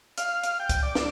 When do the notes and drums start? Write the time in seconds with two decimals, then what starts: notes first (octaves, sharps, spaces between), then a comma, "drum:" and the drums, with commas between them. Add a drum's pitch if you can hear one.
0.18 F5, drum: hi-hat
0.44 drum: hi-hat
0.60 G5
0.69 drum: kick C#2, hi-hat
0.83 D5
0.95 drum: snare